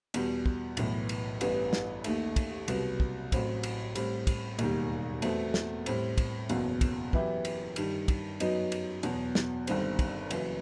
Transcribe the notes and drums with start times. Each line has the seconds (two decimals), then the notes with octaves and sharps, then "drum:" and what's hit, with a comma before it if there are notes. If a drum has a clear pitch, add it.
0.14 E2 B2 G3, drum: cymbal
0.46 drum: kick
0.77 B1 A2 E3 B3, drum: cymbal
1.09 drum: cymbal
1.41 A1 G2 E3 B3, drum: cymbal
1.73 drum: snare
2.04 D#2 D#3 A3, drum: cymbal
2.36 drum: kick, cymbal
2.68 C2 B2 F#3 B3, drum: cymbal
3.00 drum: kick
3.32 A1 A2 F#3 C4, drum: kick, cymbal
3.63 drum: cymbal
3.95 A2 G3 C4, drum: cymbal
4.27 drum: kick, cymbal
4.59 E1 D#2 D#3 G3, drum: cymbal
5.22 E2 B2 A3 C4, drum: cymbal
5.54 drum: snare
5.86 A2 G3 C4, drum: cymbal
6.18 drum: kick, cymbal
6.49 F#1 E2 B2 F#3, drum: cymbal
6.81 drum: kick, cymbal
7.13 F#2 E3 B3 E4 G4, drum: kick
7.45 drum: cymbal
7.76 G2 D#3 G3, drum: cymbal
8.08 drum: kick, cymbal
8.40 F#2 F#3 B3 D#4, drum: cymbal
8.72 drum: cymbal
9.03 E2 B2 F#3, drum: cymbal
9.35 drum: snare
9.67 G1 G2 D#3 G3 C4, drum: cymbal
9.99 drum: kick, cymbal
10.31 F#1 F#2 E3, drum: cymbal